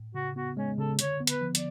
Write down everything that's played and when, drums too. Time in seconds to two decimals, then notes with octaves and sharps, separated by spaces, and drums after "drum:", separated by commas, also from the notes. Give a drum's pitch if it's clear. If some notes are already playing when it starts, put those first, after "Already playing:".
Already playing: A2
0.14 C#3 F#4
0.36 B3 F#4
0.56 G#3 C#4
0.78 C#3 A4
0.99 D3 C#5, drum: hi-hat
1.20 B3
1.27 B4, drum: hi-hat
1.41 F3
1.55 D5, drum: hi-hat